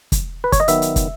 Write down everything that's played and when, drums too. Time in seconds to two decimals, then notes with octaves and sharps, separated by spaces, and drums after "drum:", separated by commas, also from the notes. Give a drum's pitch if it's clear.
0.12 drum: kick, hi-hat
0.44 B4
0.52 C#5, drum: kick, hi-hat
0.60 D#5
0.68 D#3 F#3 B3 E5, drum: hi-hat
0.82 drum: hi-hat
0.96 drum: kick, hi-hat